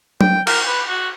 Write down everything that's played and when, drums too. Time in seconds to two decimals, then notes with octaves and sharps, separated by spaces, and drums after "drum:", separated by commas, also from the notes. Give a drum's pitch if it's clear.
0.21 G5, drum: tom F#3
0.47 A#4, drum: cymbal
0.67 B4
0.88 F#4